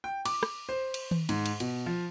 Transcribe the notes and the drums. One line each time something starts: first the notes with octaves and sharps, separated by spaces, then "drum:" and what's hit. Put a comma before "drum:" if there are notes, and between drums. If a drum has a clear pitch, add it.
G5
D6, drum: cymbal
drum: rim click
C5
drum: cymbal
drum: tom D#3
G#2, drum: cymbal
drum: cymbal
B2, drum: cymbal
F3